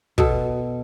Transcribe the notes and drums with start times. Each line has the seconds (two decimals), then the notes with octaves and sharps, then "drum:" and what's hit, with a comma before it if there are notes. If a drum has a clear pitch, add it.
0.18 B2 A4, drum: kick